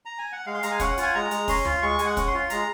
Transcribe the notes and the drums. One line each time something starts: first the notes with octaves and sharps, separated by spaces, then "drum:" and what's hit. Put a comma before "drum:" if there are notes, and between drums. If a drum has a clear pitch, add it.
A#5
G#5
F#5
G#3 F5
C6
G#3 A#5, drum: hi-hat
G#5
C#4 F#5, drum: kick, hi-hat
F4, drum: hi-hat
G#5
G#3 A#5
G#3, drum: hi-hat
C#4 C6, drum: kick, open hi-hat
F4, drum: tom D2
G#3 C#6
G#3 G#5, drum: hi-hat
F#5
C#4, drum: kick, hi-hat
C6
F4
G#3 A#5, drum: hi-hat